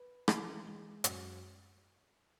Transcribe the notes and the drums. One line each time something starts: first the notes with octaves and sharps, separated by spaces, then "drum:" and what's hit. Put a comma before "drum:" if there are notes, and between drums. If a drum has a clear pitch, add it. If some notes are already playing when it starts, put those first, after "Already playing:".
Already playing: B4
E3, drum: rim click
G#3
F#2, drum: hi-hat